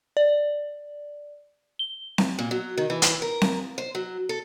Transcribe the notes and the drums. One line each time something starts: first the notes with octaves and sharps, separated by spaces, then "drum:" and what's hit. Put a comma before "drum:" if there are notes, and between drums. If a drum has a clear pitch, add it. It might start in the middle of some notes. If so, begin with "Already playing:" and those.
D5
G7
drum: snare C4
A#2
F#3
D#3
E3
drum: hi-hat
A#4
drum: snare C4
C5
F#3
A4